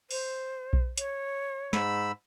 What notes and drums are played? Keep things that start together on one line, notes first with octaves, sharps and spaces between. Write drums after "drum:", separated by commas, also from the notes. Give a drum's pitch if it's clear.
C5, drum: open hi-hat
drum: kick B1
C#5, drum: hi-hat
G#2 B5 E6, drum: snare